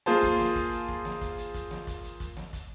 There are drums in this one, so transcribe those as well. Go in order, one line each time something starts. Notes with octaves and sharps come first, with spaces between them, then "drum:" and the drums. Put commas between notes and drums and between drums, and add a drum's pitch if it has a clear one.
A#3 F4 G#4 C5 A5, drum: hi-hat
drum: kick, hi-hat
drum: snare
drum: kick, hi-hat
drum: hi-hat
drum: kick
drum: snare
drum: kick, hi-hat
drum: hi-hat
drum: kick, hi-hat
drum: snare
drum: kick, hi-hat
drum: hi-hat
drum: kick, hi-hat
drum: snare
drum: kick, hi-hat